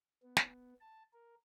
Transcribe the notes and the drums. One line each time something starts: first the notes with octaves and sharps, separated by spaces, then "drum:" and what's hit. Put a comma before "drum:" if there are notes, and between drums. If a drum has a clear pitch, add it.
B3
drum: snare
A5
A#4